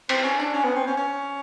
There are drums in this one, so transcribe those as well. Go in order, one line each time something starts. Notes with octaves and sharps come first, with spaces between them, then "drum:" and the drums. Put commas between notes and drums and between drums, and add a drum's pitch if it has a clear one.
C4, drum: cymbal
C#4
D4
C#4
B3
C4
C#4
C#4